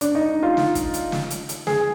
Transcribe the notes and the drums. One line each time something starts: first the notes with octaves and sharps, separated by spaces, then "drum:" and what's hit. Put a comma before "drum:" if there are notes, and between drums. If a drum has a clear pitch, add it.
D4, drum: hi-hat
D#4
F4
drum: snare
drum: kick, hi-hat
drum: hi-hat
drum: snare
drum: hi-hat
drum: hi-hat
G#4, drum: snare